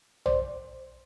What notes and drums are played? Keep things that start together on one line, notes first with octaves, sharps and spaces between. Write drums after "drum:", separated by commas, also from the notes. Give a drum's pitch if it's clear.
C5 D5, drum: tom